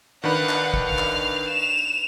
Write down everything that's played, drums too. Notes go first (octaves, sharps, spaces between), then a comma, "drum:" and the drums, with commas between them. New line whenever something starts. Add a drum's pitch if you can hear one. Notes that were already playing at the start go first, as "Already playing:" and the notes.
D#3 D4 B4 F5 F#5
drum: clap
drum: kick
F5 F6
drum: clap
E7 F7